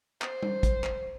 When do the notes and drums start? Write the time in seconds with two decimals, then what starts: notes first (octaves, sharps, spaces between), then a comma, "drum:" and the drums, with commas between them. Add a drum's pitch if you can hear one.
0.22 C5, drum: clap
0.43 drum: tom G3
0.63 drum: kick, hi-hat
0.84 drum: clap